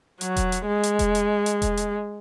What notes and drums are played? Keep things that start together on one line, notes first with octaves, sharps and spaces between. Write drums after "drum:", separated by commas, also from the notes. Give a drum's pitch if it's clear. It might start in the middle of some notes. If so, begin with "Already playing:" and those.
F#3, drum: hi-hat
drum: kick E1, hi-hat
drum: hi-hat
G#3
drum: hi-hat
drum: kick E1, hi-hat
drum: hi-hat
drum: hi-hat
drum: kick E1, hi-hat
drum: hi-hat